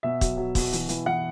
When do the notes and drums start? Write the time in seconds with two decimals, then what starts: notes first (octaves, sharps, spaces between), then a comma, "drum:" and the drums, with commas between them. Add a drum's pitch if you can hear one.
0.03 B2 E5
0.21 F#3, drum: kick, hi-hat
0.37 F#3
0.55 B2, drum: kick, open hi-hat
0.73 E3, drum: hi-hat
0.89 E3, drum: hi-hat
1.06 E3 F#5